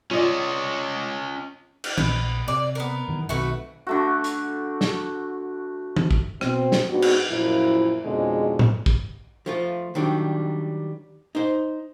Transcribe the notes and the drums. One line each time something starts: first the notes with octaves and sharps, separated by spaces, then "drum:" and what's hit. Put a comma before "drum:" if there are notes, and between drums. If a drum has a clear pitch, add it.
C#4 F4 D5 D#5
drum: cymbal
A#1 B3, drum: tom
C3 D5
B3 A#4
F#2 D#3 E3
B1 D#3 A3 C4 F#4 B4
D3 A3 F#4
drum: hi-hat
drum: snare
drum: tom
drum: kick
B2 C4, drum: rim click
drum: snare
G#2 B3 C4 D4 F#4
drum: cymbal
F#2 A#2 F3 E4
F2 G#2 B2 D3 G#3 C#4
drum: tom A2
drum: kick
F3 A3 F4
D#3 F#3 G3 D4
D#4 C5